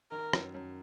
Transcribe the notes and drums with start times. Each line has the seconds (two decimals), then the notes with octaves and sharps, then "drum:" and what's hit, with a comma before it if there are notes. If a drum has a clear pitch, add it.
0.11 D#3 A#4
0.33 F#2, drum: rim click
0.54 F#2